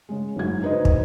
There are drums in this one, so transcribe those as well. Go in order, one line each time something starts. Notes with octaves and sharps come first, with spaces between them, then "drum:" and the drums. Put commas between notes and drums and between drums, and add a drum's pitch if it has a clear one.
C#3 G#3
F#1 G#2 F#3 G#6
D#4 B4 C5 D#5
drum: kick